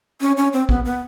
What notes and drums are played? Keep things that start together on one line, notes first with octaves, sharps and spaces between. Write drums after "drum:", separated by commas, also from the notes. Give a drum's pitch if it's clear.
C#4
C#4
C4
B3, drum: kick A#1
B3